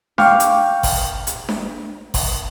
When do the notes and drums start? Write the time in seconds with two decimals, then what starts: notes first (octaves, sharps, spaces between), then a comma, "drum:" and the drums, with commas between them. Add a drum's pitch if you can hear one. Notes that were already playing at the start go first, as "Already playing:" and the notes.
0.18 F5 G5 C#6 D6 F6 G6, drum: snare D4
0.40 drum: hi-hat
0.83 drum: kick G1, open hi-hat
1.27 drum: hi-hat
1.49 drum: snare D4
2.14 drum: kick G1, open hi-hat